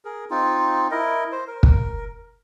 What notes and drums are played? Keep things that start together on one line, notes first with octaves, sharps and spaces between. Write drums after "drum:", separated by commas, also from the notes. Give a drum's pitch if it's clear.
G#4 A#4
C4 D#4 F4
E4 A#4 D#5
C5
A#4
drum: kick